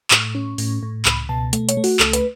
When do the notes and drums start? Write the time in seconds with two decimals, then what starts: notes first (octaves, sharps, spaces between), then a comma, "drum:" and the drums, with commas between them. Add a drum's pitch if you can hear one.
0.11 A2 C#6, drum: clap
0.35 C#4
0.58 A2, drum: open hi-hat
0.83 A2
1.05 C#2 B5, drum: clap
1.29 B2 A5
1.53 A3, drum: hi-hat
1.69 C#5, drum: hi-hat
1.77 A3
1.84 F#4, drum: open hi-hat
2.00 C#2 A4, drum: clap
2.13 B4, drum: hi-hat